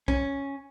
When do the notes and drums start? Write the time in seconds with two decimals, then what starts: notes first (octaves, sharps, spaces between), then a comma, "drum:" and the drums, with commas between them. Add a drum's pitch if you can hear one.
0.08 C#4, drum: kick B1